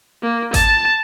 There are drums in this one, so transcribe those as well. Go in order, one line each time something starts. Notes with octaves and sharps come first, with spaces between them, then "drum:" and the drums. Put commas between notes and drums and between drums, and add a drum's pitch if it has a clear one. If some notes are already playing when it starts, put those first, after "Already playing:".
A#3
A5, drum: kick G#1, hi-hat